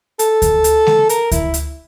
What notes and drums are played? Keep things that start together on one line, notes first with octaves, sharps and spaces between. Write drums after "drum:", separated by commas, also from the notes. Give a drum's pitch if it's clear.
A4, drum: hi-hat
drum: kick D2, hi-hat
drum: hi-hat
drum: snare G#3
A#4, drum: hi-hat
E4, drum: kick D2, hi-hat
drum: hi-hat